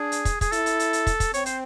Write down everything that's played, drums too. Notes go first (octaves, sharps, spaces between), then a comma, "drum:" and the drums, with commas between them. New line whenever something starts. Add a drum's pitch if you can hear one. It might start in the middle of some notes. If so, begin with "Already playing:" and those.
Already playing: D4 G#4
drum: hi-hat
drum: kick, hi-hat
G#4, drum: kick, hi-hat
E4 A4, drum: hi-hat
drum: hi-hat
drum: hi-hat
drum: hi-hat
drum: kick, hi-hat
drum: kick, hi-hat
C4 C#5, drum: hi-hat
C5, drum: hi-hat